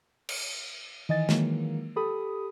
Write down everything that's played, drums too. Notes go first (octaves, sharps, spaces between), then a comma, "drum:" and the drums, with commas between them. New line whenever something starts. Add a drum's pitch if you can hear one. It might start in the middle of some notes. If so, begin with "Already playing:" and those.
drum: cymbal
D#3 E3 D#5 G#5 A6
D#3 E3 F#3 G#3 A#3, drum: snare
G4 A4 B5 D#6